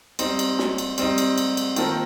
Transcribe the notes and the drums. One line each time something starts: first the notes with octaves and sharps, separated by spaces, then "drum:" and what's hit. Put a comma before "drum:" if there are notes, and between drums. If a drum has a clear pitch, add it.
G3 C4 D#4, drum: cymbal
drum: cymbal
drum: snare
drum: cymbal
G3 C4 D#4, drum: cymbal
drum: cymbal
drum: cymbal
drum: cymbal
D#3 A#3 F4 A4 C5, drum: cymbal